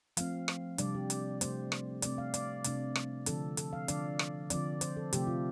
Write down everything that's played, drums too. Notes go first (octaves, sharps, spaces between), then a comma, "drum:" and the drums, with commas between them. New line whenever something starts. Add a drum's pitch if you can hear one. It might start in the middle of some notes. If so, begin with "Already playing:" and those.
F3 A3 C4 F5, drum: hi-hat
drum: rim click
C3 G3 D4 D5, drum: hi-hat
G4
drum: hi-hat
C3 A3 C4 C5, drum: hi-hat
drum: rim click
C3 A3 C4 D5, drum: hi-hat
F5
D5, drum: hi-hat
C3 A3 D4, drum: hi-hat
drum: rim click
D3 F3 C4 A4, drum: hi-hat
A4, drum: hi-hat
F5
D3 F3 D4 D5, drum: hi-hat
drum: rim click
D3 F3 C4 D5, drum: hi-hat
C5, drum: hi-hat
A4
C3 F3 A3 G4, drum: hi-hat
F4